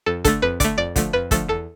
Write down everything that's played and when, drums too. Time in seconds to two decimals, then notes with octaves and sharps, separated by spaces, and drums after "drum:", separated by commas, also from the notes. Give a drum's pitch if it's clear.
0.06 F2 A4
0.25 D3 A3 A4, drum: kick, hi-hat
0.42 F2 B4
0.60 D3 A3 D5, drum: kick, hi-hat
0.78 F2 D5
0.96 D3 F3 A3, drum: kick, hi-hat
1.13 F2 B4
1.31 D3 F3 A3 A4, drum: kick, hi-hat
1.49 E2 A4